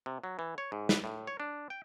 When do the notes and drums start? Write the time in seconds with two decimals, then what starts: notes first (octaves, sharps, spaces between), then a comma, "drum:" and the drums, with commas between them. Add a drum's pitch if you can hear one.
0.06 C3
0.24 F#3
0.39 E3
0.58 C#5
0.72 G#2
0.89 B4, drum: snare
1.04 A2
1.27 C#5
1.40 D4
1.70 G5